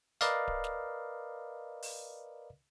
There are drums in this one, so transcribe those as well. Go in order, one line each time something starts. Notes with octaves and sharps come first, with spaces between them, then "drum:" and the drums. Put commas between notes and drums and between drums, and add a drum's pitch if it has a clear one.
A#4 B4 D5 D#5 F5, drum: hi-hat
drum: kick D1
drum: snare
drum: open hi-hat